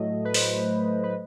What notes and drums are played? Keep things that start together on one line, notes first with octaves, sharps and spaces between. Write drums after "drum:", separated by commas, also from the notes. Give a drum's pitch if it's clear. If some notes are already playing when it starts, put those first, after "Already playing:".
Already playing: A2 F#3 A3 D#5
B4
C5, drum: open hi-hat
B4